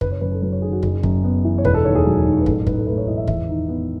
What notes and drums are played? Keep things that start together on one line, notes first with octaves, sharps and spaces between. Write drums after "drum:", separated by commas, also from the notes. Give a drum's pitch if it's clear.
F#1 B4, drum: kick
C#5
F#2 B4
A4
F#3 B4
C#5
D#3 G#4
F#4
F#1 G#4, drum: kick
F#2, drum: kick
B3
E3
C#5
E1 B4, drum: kick
A4
D#2 C#5
G#4
F#3
D#3
B4
A1 A4, drum: kick
G#2 B4, drum: kick
A4
A3 B4
C#5
E3 D#5
E5
E2 E5, drum: kick
D#3
B3